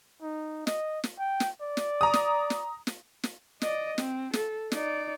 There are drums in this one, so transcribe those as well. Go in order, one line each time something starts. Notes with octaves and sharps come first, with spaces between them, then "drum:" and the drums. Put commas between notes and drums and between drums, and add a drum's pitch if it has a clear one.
D#4
D#5, drum: snare
drum: snare
G5
drum: snare
D5
drum: snare
A#5 D#6
drum: snare
drum: snare
drum: snare
drum: snare
D5 D#5, drum: snare
C4, drum: snare
A4, drum: snare
D#4 D5, drum: snare